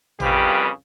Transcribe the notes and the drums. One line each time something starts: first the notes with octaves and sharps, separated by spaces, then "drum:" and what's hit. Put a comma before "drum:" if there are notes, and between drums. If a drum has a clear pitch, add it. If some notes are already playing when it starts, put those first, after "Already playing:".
C2 F2 C#3 G3 G4 B4, drum: tom A1